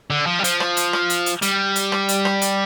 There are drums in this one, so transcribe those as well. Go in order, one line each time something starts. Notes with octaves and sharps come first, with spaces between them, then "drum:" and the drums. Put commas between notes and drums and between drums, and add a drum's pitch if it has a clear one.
D3
F3
G3
F3, drum: hi-hat
drum: rim click
drum: hi-hat
drum: rim click
drum: hi-hat
drum: hi-hat
G3, drum: hi-hat
drum: hi-hat
drum: rim click
drum: hi-hat
drum: rim click
drum: hi-hat